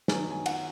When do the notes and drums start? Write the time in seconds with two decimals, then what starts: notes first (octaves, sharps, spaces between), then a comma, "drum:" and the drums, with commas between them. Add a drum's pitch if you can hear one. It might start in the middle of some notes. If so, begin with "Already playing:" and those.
0.08 D#3 F#3 B3 G#5, drum: snare
0.31 G#5
0.46 F#5, drum: cymbal